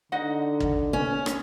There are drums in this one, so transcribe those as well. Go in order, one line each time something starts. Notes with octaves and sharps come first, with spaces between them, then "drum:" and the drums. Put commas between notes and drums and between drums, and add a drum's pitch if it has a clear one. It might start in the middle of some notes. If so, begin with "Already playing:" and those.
D3 D#4 D#5 F#5
drum: kick
C#4
drum: rim click